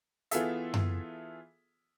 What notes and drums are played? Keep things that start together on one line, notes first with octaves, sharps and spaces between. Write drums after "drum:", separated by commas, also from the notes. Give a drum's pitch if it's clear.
E3 B3 F4 G#4 A4 E5, drum: hi-hat
drum: tom F#2